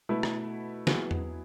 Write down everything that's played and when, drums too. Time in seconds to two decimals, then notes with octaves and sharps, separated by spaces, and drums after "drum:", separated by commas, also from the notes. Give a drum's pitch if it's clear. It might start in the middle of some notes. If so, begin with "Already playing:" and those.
0.09 B2 A3 E4 B4
0.23 drum: rim click
0.87 F#3 B3 E4 G#4 B4, drum: snare
1.11 drum: tom E2